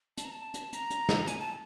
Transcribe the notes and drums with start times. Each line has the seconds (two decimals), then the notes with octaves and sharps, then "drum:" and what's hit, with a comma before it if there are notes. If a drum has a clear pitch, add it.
0.17 A5, drum: hi-hat
0.25 A#5
0.32 A5
0.54 drum: hi-hat
0.73 A#5, drum: hi-hat
0.90 drum: hi-hat
1.09 drum: snare
1.27 G#5, drum: hi-hat
1.39 A5